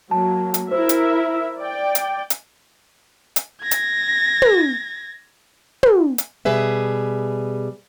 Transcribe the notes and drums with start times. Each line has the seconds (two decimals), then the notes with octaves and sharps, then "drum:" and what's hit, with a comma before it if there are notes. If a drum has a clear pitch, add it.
0.11 F#3 A#3 A5
0.54 drum: hi-hat
0.71 E4 A#4 C5 E5
0.89 drum: hi-hat
1.60 D5 G5
1.95 drum: hi-hat
2.30 drum: hi-hat
3.36 drum: hi-hat
3.62 G#6 A#6
3.71 drum: hi-hat
4.42 drum: tom
5.83 drum: tom
6.18 drum: hi-hat
6.45 B2 G3 G#4 B4 E5